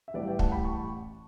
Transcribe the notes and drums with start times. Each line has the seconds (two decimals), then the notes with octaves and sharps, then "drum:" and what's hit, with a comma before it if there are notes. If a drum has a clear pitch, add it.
0.08 E5
0.14 A1 A2 E3 G3 B4 D5
0.27 E5 G5
0.39 F#5 A5, drum: kick
0.52 G5 B5
0.64 A5 C#6